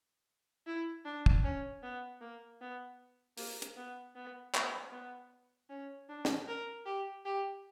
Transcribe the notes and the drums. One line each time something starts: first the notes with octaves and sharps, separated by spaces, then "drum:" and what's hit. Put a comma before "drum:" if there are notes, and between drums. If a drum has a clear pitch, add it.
E4
D4
drum: kick
C#4
B3
A#3
B3
A#3, drum: open hi-hat
drum: hi-hat
B3
B3
B3, drum: clap
B3
C#4
D4
drum: snare
A#4
G4
G4